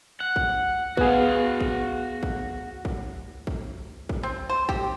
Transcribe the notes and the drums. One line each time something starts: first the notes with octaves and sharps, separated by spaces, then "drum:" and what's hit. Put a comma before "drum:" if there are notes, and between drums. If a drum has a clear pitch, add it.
F#5 F#6
drum: kick
B3 F#4 G#4 F5, drum: kick
drum: kick
drum: kick
drum: kick
drum: kick
drum: kick
C4
C5
G4, drum: kick